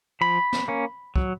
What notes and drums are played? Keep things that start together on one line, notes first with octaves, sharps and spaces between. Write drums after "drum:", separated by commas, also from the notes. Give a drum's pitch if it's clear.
F3 B5
drum: snare
A#3 C#4
F#3, drum: kick